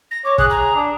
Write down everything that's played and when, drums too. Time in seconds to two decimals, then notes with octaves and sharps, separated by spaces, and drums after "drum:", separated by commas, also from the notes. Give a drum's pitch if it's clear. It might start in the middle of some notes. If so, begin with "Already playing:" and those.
0.11 A#6
0.25 C#5 D6
0.38 G#4 F#6, drum: kick
0.50 A#5
0.76 D4